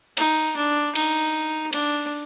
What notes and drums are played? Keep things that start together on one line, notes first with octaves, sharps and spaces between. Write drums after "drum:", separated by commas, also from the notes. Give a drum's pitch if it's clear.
D#4, drum: cymbal
D4
D#4, drum: cymbal
D4, drum: cymbal